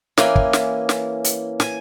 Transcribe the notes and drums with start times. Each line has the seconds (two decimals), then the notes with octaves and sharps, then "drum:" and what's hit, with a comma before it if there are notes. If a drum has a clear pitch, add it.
0.18 E3 A#3 C#4 G#5, drum: snare
0.36 drum: kick
0.53 drum: snare
0.89 drum: snare
1.24 drum: hi-hat
1.60 G#5, drum: snare